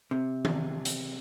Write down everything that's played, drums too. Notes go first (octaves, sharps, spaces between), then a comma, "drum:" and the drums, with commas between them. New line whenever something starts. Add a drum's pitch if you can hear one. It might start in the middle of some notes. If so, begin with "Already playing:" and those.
C3
drum: tom D#3
drum: hi-hat